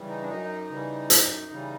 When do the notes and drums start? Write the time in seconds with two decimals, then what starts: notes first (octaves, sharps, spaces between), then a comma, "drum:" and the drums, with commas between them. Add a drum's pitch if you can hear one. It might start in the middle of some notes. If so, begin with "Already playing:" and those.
Already playing: C#3 E3 G3
0.08 D#4
0.22 D4
0.28 F#2 D#4
0.70 C#3 E3 G3
1.10 F#2, drum: hi-hat
1.51 C#3 E3 G3